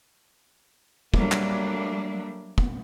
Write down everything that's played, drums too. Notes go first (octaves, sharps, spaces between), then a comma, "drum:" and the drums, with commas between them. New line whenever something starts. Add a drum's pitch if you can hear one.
F#3 G3 A3 A#3 D4, drum: kick
drum: clap
drum: kick